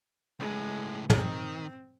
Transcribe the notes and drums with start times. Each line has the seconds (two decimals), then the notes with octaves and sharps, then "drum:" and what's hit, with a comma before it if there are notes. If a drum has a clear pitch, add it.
0.40 C#2 A2 G#3
1.10 D#3 C4, drum: tom